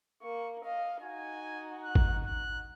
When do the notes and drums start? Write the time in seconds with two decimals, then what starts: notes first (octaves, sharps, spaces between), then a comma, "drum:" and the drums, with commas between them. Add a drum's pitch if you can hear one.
0.22 A#3 C#6
0.64 D#5 F5
1.02 D#4 F#4 G#5
1.84 F#6
1.95 drum: kick
2.26 F#6